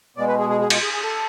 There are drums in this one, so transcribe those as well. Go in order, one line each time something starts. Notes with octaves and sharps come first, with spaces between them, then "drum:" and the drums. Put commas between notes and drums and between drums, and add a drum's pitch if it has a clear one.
B2 G#3 D5
B4
G#4
G#4
G#4
F4, drum: cymbal
G#4
G#4
A4